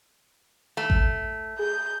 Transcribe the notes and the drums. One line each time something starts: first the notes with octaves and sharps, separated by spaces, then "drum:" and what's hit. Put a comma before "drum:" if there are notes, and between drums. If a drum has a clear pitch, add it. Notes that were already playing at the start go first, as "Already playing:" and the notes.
A3
drum: kick A1
G#4 G6